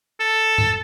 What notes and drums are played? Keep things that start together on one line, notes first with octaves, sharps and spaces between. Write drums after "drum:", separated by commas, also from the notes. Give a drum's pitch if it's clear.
A4
drum: tom F#2